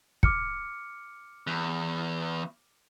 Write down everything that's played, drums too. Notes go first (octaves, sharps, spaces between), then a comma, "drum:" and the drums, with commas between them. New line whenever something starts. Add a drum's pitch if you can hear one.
D6 F6 C#7, drum: kick
E2